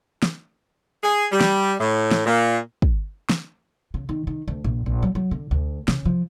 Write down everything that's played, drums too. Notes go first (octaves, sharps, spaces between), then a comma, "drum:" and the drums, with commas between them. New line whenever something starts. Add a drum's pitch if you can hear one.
drum: snare
G#4
G3
drum: snare
A2
drum: snare
A#2
drum: kick
drum: snare
C#3
D#3
D#3
D2
A#1
A#1
F#3
F#3
D3
D2
C#3, drum: snare
F3